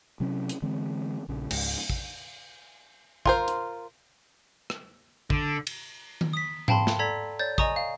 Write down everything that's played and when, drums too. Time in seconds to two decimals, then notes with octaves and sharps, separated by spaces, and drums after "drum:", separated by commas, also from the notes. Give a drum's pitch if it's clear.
0.20 C3 F#3 C4 C#4
0.49 drum: hi-hat
0.62 D3 E3 G#3 C4
1.28 A#1 C#3
1.51 C#2 G#2, drum: cymbal
1.69 drum: open hi-hat
1.90 drum: kick
3.26 F4 A#4 C5, drum: kick
3.48 drum: hi-hat
4.70 drum: rim click
5.30 D3, drum: kick
5.67 drum: cymbal
6.21 drum: tom D#3
6.33 D#6 B6
6.68 F5 G5 A5 B5 C6, drum: tom G#2
6.87 drum: snare
6.99 A4 D5 A#5 G#6 B6
7.39 C#5 D5 G6 A6
7.58 D#5 G#5 A#5 C#6 D#6, drum: kick
7.76 F5